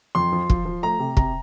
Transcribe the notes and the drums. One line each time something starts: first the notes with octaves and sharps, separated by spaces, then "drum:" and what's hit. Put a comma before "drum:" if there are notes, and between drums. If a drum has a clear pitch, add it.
F2 C6
F3
F3, drum: kick
F3
A3 A#5
C3
C3 A#5, drum: kick